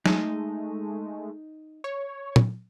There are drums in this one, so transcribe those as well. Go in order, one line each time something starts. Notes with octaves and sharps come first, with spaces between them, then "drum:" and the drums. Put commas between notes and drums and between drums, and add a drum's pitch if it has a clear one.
G#3 A3 D#4, drum: snare F#3
C#5
drum: tom A#2